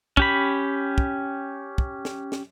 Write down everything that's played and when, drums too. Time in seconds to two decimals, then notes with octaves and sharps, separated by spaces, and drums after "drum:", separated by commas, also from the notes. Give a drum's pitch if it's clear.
0.17 C#4 G4 B5, drum: kick
0.98 drum: kick
1.78 drum: kick
2.05 drum: snare
2.32 drum: snare